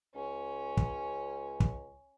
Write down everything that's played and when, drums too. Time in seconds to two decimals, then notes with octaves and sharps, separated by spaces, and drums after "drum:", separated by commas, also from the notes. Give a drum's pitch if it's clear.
0.15 C#2 C#4
0.77 drum: kick
1.60 drum: kick